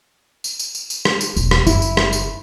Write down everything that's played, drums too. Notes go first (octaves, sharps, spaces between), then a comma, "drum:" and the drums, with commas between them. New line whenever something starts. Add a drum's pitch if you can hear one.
drum: tambourine
drum: tambourine
drum: tambourine
drum: tambourine
drum: rim click
drum: tambourine
E1, drum: tambourine
drum: rim click
F#1 E4, drum: tambourine
drum: tambourine
drum: rim click
drum: tambourine